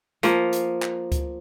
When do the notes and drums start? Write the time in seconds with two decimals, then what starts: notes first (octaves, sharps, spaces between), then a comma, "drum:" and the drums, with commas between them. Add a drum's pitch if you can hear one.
0.23 F3 A#3, drum: hi-hat
0.53 drum: hi-hat
0.82 drum: clap
1.12 drum: kick C#2, hi-hat